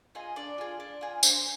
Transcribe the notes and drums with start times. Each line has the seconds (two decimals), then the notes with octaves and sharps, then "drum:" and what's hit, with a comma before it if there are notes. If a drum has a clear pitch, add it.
0.15 F4 G#4 D#5
0.36 D4 D5
0.58 F4 G#4
0.80 D4
1.01 F4 G#4
1.23 D4 C5, drum: tambourine